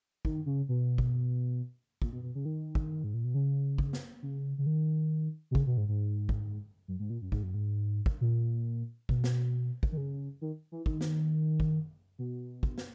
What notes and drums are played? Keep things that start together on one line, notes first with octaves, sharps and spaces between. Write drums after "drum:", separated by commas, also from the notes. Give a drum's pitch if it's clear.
D#3, drum: kick
C#3
B2
drum: kick
A#2, drum: kick
B2
B2
C#3
D#3
drum: kick
G#2
A#2
B2
C#3
drum: kick
drum: snare
C#3
C#3
D#3
B2
C#3, drum: kick
B2
G#2
G#2
drum: kick
F#2
G#2
A#2
F#2
G#2, drum: kick
F#2
G#2
drum: kick
A#2
B2, drum: kick
drum: snare
drum: kick
D#3
C#3
D#3
E3
D#3, drum: kick
drum: snare
drum: kick
B2
drum: kick
drum: snare